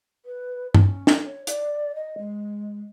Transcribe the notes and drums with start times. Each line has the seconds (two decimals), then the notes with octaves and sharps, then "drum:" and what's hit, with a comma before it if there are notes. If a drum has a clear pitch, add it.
0.25 B4
0.75 C#4, drum: tom
1.07 drum: snare
1.25 C#5
1.47 D5, drum: hi-hat
1.95 D#5
2.18 G#3